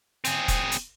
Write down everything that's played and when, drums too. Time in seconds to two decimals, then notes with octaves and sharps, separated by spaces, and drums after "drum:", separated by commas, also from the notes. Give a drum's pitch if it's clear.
0.25 C4 G#4, drum: hi-hat
0.48 drum: kick E1, hi-hat
0.72 drum: hi-hat